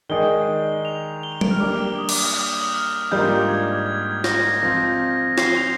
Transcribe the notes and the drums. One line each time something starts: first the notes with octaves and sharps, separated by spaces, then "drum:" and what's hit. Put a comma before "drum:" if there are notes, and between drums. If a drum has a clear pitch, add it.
D#3 G#3 D#4 G#4 D5 G7
F7
G7
F7
D7, drum: tom F#3
F6
G3 A#3 D4 D6
D#6
D6, drum: cymbal
D#6
D#6
F6
F6
G#2 G3 A#3 D4 F4 G6
G#6
G#6
A#6, drum: snare
F3 C4 F4 A#6
C7, drum: snare
G7
F7